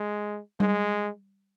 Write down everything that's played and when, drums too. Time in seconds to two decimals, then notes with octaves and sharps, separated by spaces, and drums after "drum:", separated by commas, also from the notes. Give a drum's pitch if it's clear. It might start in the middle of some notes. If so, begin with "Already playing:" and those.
Already playing: G#3
0.60 G#3, drum: tom G3